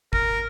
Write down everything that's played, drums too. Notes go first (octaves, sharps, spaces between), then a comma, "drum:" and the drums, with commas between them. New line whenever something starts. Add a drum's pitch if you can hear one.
A#4, drum: kick